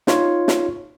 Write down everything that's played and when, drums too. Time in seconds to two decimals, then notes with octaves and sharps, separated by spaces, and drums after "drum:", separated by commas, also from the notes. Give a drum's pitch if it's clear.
0.07 D#4 F4 C#5, drum: snare
0.48 drum: snare